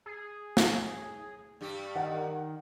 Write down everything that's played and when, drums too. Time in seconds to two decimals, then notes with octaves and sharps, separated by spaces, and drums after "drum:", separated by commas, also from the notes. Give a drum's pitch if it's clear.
0.06 G#4
0.57 drum: snare
1.61 G2 G3 G4
1.95 D#3 F#5